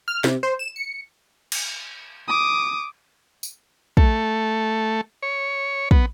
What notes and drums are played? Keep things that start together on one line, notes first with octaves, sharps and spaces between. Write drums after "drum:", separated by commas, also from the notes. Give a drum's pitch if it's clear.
F6
C3, drum: snare
C5
E7
C#7
drum: cymbal
D6 D#6
drum: tambourine
A3, drum: kick
C#5
B3, drum: kick